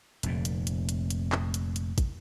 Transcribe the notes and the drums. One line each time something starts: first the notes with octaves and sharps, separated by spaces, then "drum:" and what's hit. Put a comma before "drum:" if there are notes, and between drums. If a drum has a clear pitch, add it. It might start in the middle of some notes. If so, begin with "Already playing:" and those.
F1 F2 A#2, drum: hi-hat
drum: hi-hat
drum: hi-hat
drum: hi-hat
drum: hi-hat
drum: clap
drum: hi-hat
drum: hi-hat
drum: kick, hi-hat